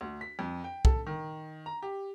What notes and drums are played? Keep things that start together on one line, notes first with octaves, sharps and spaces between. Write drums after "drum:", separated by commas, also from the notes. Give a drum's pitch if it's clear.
D2
B6
F2
G5
A4, drum: kick
D#3
A#5
G4